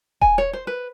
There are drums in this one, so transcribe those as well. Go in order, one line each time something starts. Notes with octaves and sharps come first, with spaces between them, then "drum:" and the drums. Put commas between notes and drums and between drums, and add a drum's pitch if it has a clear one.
G#5, drum: kick D#1
C#5
C5
B4